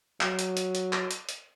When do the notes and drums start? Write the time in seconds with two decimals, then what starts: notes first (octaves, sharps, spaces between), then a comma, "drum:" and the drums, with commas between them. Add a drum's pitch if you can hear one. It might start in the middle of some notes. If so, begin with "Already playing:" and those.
0.21 F#3, drum: clap
0.39 drum: hi-hat
0.57 drum: hi-hat
0.75 drum: hi-hat
0.93 drum: clap
1.11 drum: hi-hat
1.29 drum: hi-hat